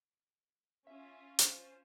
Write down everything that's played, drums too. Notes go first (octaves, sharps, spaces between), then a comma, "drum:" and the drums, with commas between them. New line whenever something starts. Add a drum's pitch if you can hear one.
C#4 F4 E5
C5, drum: hi-hat